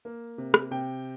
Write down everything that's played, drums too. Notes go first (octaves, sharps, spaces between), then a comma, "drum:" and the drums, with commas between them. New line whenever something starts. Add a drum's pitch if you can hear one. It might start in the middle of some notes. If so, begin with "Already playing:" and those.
A#3
C3
drum: rim click
C3 G5